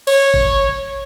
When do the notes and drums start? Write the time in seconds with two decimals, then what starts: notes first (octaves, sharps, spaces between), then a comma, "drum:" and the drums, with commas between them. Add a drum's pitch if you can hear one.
0.07 C#5, drum: cymbal
0.34 drum: kick G#1